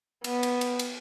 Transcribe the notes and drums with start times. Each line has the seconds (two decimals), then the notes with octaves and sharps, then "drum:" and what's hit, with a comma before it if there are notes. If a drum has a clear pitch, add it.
0.24 B3, drum: cymbal
0.43 drum: cymbal
0.61 drum: cymbal
0.79 drum: cymbal